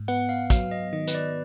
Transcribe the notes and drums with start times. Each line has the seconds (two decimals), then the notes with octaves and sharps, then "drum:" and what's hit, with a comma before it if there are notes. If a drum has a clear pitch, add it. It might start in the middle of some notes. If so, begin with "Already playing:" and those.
Already playing: G#2
0.08 B3 F#5
0.29 F5
0.50 F#3 F5, drum: kick, hi-hat
0.71 D#5
0.93 D#3 D#5
1.08 B4, drum: hi-hat
1.15 D5